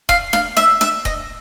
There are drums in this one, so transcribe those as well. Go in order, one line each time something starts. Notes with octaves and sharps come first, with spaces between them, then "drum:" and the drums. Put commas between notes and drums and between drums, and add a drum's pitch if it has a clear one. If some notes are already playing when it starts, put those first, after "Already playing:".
F5, drum: kick D#1
F5, drum: snare D4
E5, drum: snare D4
E5, drum: snare D4
D#5, drum: kick D#1